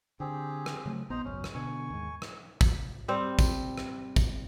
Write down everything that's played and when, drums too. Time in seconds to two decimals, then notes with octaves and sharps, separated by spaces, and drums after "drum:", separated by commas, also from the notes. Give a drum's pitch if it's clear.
0.20 D3 C4 G4 G#4
0.66 drum: rim click
0.86 C#3 F#3 A3
1.10 A#1 B3 D#4 C5 A#5
1.25 G#1 C#2 F#2 C#4
1.44 drum: rim click
1.55 B2 D3 G#5 C#6
1.90 D#2 G#2
2.22 drum: rim click
2.61 drum: kick, tambourine
3.08 G3 C4 C5
3.39 drum: kick, tambourine
3.78 drum: rim click
4.16 drum: kick, tambourine